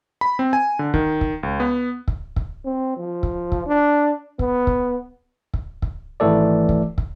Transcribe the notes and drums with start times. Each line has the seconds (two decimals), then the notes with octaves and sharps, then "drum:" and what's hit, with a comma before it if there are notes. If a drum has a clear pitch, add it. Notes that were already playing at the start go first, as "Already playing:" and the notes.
0.21 B5
0.39 C4
0.53 G#5
0.79 D3
0.94 D#3, drum: kick
1.21 drum: kick
1.43 C#2
1.60 B3
2.08 drum: kick
2.36 drum: kick
2.65 C4
2.97 F3
3.23 drum: kick
3.52 drum: kick
3.66 D4
4.39 B3, drum: kick
4.67 drum: kick
5.54 drum: kick
5.82 drum: kick
6.20 G#1 E3 A3 A4 D5
6.69 drum: kick
6.98 drum: kick